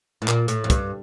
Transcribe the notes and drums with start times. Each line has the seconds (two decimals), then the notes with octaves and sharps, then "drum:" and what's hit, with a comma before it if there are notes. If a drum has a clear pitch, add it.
0.22 A2
0.28 A#2, drum: clap
0.48 A2, drum: hi-hat
0.64 F2
0.70 G2, drum: kick, hi-hat